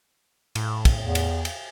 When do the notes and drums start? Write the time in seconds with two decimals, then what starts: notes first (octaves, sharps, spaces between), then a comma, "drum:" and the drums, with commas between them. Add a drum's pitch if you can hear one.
0.55 A2, drum: cymbal
0.85 drum: kick, cymbal
1.01 E2
1.15 drum: cymbal
1.45 drum: cymbal